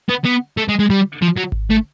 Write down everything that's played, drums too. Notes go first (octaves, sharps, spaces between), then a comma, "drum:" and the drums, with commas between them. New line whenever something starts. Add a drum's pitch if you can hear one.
B3
B3
A3
G#3
G#3
G3
F3
F#3
drum: kick G#1
A3